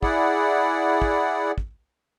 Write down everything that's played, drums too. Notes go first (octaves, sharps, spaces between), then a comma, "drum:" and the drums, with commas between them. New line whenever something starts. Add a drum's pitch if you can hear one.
E4 G#4 D5 F#5, drum: kick
drum: kick
drum: kick